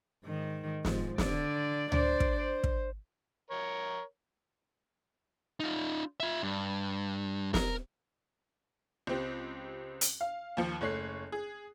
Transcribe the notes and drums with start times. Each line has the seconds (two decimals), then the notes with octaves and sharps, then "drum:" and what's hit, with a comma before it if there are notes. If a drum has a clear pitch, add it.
0.24 G#2 D#3
0.85 G#2 F3, drum: snare
1.18 D3 D5, drum: snare
1.92 D4 C5 D5, drum: tom C#2
2.20 drum: kick
2.40 C5
2.64 drum: kick
3.51 A#4 C#5
5.60 D#4 F4
6.20 F4 E5
6.43 G2
7.54 A#4, drum: snare
9.07 C#2 C4 G4
10.01 drum: hi-hat
10.21 F5
10.57 D#2 F3 C#7
10.81 F#1 A3 C#5 F#6 C7
11.32 G#4